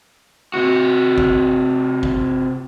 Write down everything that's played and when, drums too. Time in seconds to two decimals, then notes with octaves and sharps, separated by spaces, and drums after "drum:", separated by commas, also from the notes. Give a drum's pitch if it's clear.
0.54 C3 F#4
1.18 drum: kick
2.03 drum: kick